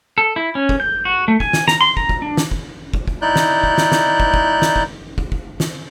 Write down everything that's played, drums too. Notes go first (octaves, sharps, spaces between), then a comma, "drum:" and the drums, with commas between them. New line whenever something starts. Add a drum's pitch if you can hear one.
A4
E4
C#4
drum: kick
G6
F#4
A3
G#5, drum: kick
drum: snare
A#5, drum: snare
C6
A#5, drum: kick
drum: kick
D4
drum: snare
drum: kick
drum: kick
drum: kick
D#4 E4 D5 F#6 G6
drum: snare
drum: kick
drum: snare
drum: snare
drum: kick
drum: kick
drum: snare
drum: kick
drum: kick
drum: kick
drum: snare